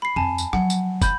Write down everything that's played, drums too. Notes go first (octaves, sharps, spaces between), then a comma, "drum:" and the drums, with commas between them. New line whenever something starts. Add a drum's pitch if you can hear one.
B5 C7
F2 G#5 A5
drum: tambourine
F3 F#3 F#5, drum: rim click
drum: tambourine
E3 B5 G6, drum: kick, tambourine